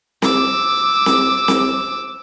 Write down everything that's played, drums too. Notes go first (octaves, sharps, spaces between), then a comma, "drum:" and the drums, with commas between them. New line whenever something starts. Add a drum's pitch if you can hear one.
D6 E6, drum: snare C4
drum: snare C4
drum: snare C4